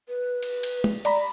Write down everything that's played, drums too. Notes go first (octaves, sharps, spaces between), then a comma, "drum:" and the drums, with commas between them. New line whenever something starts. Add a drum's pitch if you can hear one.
B4
drum: cymbal
drum: cymbal
drum: tom
D5 A#5 B5, drum: cymbal